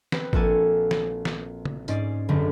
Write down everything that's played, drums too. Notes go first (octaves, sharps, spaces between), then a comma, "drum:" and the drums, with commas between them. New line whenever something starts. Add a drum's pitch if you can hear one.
C4 B4, drum: snare
A#1 A#3 F#4 A4 G#5, drum: kick G#1
drum: snare
drum: snare
drum: tom
G#2 C#4 G#4 D5 C7, drum: tambourine
G1 C2 F#2 D3 F#3 G3